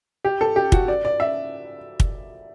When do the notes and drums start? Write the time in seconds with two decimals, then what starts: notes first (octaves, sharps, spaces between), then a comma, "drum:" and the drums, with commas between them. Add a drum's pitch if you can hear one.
0.25 G4
0.41 A4
0.56 G4
0.72 F#4, drum: kick
0.88 D5
1.05 D5
1.20 E5
2.00 drum: kick